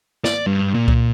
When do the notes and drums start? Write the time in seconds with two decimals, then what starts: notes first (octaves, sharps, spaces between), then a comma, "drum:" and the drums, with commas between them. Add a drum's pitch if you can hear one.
0.24 D5, drum: snare
0.47 G2
0.75 A#2
0.88 drum: kick C2